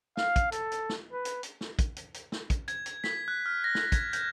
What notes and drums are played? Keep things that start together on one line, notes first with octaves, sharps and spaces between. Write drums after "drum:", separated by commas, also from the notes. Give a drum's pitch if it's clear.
F5, drum: snare
drum: kick, hi-hat
A4, drum: hi-hat
drum: hi-hat
drum: snare
B4
drum: hi-hat
drum: hi-hat
drum: snare
drum: kick, hi-hat
drum: hi-hat
drum: hi-hat
drum: snare
drum: kick, hi-hat
G#6, drum: hi-hat
drum: hi-hat
B6, drum: snare
F#6
F6
A#6
drum: snare
G#6, drum: kick, hi-hat
G6, drum: hi-hat